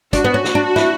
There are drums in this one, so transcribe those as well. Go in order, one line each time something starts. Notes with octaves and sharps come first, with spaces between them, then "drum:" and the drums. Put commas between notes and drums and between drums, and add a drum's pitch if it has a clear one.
D4 F#4, drum: kick, hi-hat
B3
C#4
drum: snare
D4
E4, drum: snare